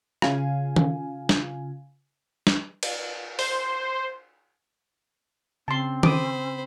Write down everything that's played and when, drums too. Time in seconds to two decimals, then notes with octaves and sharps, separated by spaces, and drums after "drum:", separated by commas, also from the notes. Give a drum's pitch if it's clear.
0.22 C#3 F4 F5 G#5, drum: rim click
0.76 drum: tom D#3
1.29 drum: snare
2.47 drum: snare
2.83 drum: cymbal
3.39 C5, drum: open hi-hat
5.68 C#3 C4 A5 C6
6.03 C5 B5 D6 D#6, drum: tom D#3